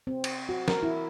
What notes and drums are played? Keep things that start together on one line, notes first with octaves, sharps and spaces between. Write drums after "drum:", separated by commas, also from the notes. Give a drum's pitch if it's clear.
C4
drum: cymbal
F#4
A#4, drum: snare
E4